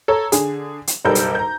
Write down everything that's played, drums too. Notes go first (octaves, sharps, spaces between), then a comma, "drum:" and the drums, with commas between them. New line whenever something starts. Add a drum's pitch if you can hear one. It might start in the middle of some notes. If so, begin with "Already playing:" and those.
A4 C#5 A#5
D3 G#4, drum: hi-hat
drum: hi-hat
F#1 B1 G3 A4 A#4 G6
drum: hi-hat
A#5 G6